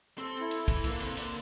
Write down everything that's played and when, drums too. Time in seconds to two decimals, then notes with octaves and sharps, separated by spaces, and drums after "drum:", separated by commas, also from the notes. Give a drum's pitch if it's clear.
0.18 C4 A4, drum: rim click
0.40 E4
0.51 drum: cymbal
0.62 A4
0.68 E3, drum: kick, cymbal
0.84 A#3, drum: cymbal
0.91 D3
1.00 C3, drum: cymbal
1.06 A#3
1.17 D3, drum: cymbal